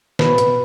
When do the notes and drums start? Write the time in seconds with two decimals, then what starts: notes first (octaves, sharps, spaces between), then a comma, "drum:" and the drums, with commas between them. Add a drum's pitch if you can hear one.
0.19 B2 B4, drum: snare
0.38 B2, drum: hi-hat